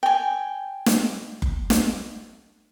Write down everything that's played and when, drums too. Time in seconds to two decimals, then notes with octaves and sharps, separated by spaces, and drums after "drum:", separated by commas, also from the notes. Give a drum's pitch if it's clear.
0.03 G5 G#5
0.86 drum: snare
1.42 drum: kick F#1
1.70 drum: snare